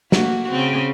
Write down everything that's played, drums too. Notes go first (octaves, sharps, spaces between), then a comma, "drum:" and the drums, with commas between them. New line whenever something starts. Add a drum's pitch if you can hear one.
A3 A#3 F#4, drum: snare
C#3 C4